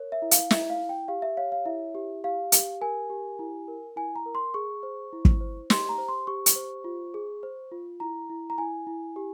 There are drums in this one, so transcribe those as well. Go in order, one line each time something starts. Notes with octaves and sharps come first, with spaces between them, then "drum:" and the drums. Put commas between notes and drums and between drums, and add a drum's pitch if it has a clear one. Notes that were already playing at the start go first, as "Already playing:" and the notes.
Already playing: A#4 C#5
E5
E4
F5, drum: hi-hat
E4 E5, drum: snare
F5
E4
G5
G4 F5
E5
C#5 F5
F5
E4 E5
G4
G4 F5
G4, drum: hi-hat
A#4 G#5
G4
E4
A#4
E4 G#5
A#5
A#4
C6
G#4 C#6
C5
E4
drum: kick
C5
G4 C6, drum: snare
A#5
C5
C6
G4 C#6
drum: hi-hat
C5
F4
G#4
C5
F4
E4 A#5
E4
A#5
E4 G#5
E4
G4